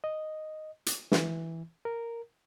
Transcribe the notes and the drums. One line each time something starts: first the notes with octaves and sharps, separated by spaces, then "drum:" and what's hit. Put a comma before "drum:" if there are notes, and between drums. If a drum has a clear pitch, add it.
D#5
drum: hi-hat
E3, drum: snare
A#4